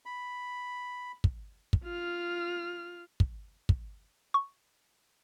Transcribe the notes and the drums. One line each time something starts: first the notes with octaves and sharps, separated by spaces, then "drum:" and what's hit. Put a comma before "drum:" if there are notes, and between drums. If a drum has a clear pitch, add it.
B5
drum: kick
drum: kick
F4 F6
drum: kick
drum: kick
C#6